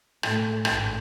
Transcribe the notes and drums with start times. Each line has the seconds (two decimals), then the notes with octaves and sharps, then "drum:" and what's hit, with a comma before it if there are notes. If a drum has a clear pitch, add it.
0.23 A2 A3, drum: rim click
0.65 A1 G#2, drum: rim click